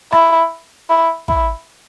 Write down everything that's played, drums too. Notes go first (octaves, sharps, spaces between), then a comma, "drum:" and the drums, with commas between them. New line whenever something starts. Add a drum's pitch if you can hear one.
E4, drum: rim click
E4
E4, drum: kick